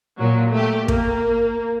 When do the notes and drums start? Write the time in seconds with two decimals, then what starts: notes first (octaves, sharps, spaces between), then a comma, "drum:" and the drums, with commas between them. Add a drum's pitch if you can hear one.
0.18 A#2 F#3
0.51 A3 G4
0.88 A#3, drum: kick